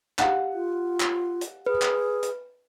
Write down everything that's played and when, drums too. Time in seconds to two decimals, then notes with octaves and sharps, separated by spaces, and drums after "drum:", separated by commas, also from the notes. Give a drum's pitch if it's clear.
0.19 G4 F5 F#5, drum: clap
0.54 F4
1.00 drum: clap
1.41 drum: hi-hat
1.66 G#4 B4
1.82 drum: clap
2.23 drum: hi-hat